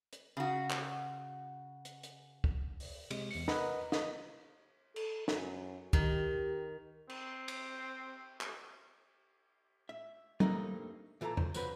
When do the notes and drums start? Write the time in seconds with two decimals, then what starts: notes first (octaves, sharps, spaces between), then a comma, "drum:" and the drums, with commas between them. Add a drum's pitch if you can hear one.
0.13 drum: hi-hat
0.37 C#3 F#4
0.70 drum: clap
1.85 drum: hi-hat
2.03 drum: hi-hat
2.44 drum: kick
2.80 drum: open hi-hat
3.11 C3 G#3, drum: cymbal
3.31 E2 C#7, drum: open hi-hat
3.48 A#4 B4 D#5 F#5 A#5 B5, drum: snare
3.92 D#5, drum: snare
4.96 A4, drum: cymbal
5.28 F#2, drum: snare
5.93 D#3 G4, drum: kick
7.09 C4, drum: cymbal
7.48 drum: cymbal
8.41 drum: clap
9.89 E5
10.40 G2 A3 A#3 C4 D#4, drum: tom
11.21 A#2 E3 A4 A5 A#5
11.37 C5, drum: tom E2
11.54 F2 F#3 B4 C5, drum: tambourine